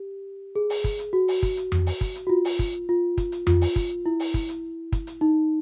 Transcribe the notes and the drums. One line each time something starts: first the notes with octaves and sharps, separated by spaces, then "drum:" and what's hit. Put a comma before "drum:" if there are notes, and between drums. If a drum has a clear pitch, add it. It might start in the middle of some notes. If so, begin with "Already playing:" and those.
Already playing: G4
G#4
drum: open hi-hat
drum: kick, hi-hat
drum: hi-hat
F#4
drum: open hi-hat
drum: kick, hi-hat
drum: hi-hat
drum: tom F2
drum: open hi-hat
drum: kick, hi-hat
drum: hi-hat
F#4
F4
drum: open hi-hat
drum: kick, hi-hat
F4
drum: kick, hi-hat
drum: hi-hat
F4, drum: tom F2
drum: open hi-hat
drum: kick, hi-hat
E4
drum: open hi-hat
drum: kick, hi-hat
drum: hi-hat
drum: kick, hi-hat
drum: hi-hat
D#4